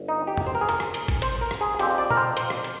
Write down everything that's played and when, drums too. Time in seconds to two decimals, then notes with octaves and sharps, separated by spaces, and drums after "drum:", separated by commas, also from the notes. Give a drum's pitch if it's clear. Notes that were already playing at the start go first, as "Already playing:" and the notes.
Already playing: G1
0.08 D#4
0.27 G4
0.37 drum: tom E2
0.47 C5
0.55 A#4
0.61 G#4
0.69 A#4, drum: hi-hat
0.80 drum: rim click
0.94 drum: hi-hat
1.08 drum: kick G#1, hi-hat
1.22 C5, drum: hi-hat
1.41 A#4
1.51 drum: rim click
1.61 G#4
1.79 F2 D3 F3 C4 G4, drum: hi-hat
1.98 D5
2.10 A#4, drum: tom A#2
2.17 C5
2.37 C5, drum: hi-hat
2.50 drum: rim click
2.64 drum: hi-hat